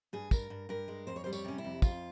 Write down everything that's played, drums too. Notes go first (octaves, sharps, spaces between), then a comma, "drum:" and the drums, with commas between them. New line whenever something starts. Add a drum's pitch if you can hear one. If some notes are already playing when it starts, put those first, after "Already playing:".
G2 G#4
G2 A#4, drum: kick, tambourine
G2
G2 A#4
G#3
F2 C5
C#5
G3 C5
C#5, drum: tambourine
C3 C#4
E4
F2
F2 F4, drum: kick, tambourine